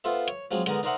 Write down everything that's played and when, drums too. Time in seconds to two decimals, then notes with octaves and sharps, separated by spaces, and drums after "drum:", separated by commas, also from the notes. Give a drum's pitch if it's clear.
0.04 B3 F4 A4 C5 E5
0.28 C#5, drum: hi-hat
0.51 F3 F#3 G#3 C4
0.66 D3 G#3 B3 D#4 A#4, drum: hi-hat
0.83 D4 D#4 A#4 C5 E5 F#5